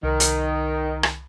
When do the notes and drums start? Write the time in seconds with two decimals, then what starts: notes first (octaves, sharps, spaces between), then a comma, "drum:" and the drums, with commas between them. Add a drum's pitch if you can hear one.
0.03 C2 D#3
0.20 drum: hi-hat
1.03 drum: rim click